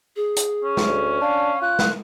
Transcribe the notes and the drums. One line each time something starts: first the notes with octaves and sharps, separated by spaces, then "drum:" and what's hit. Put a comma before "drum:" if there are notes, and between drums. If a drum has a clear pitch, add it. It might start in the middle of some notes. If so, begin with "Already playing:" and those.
G#4
drum: hi-hat
C#4
drum: snare
D2
D4 F5
F4 F#6
drum: snare